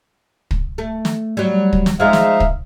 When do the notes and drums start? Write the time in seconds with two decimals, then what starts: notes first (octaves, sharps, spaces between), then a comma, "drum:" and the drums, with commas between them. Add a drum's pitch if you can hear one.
0.51 drum: kick
0.78 A3
1.05 drum: snare
1.37 F#3 G3
1.73 drum: kick
1.86 drum: snare
2.00 F3 G#3 D#4 E5 F5
2.13 drum: snare
2.40 drum: kick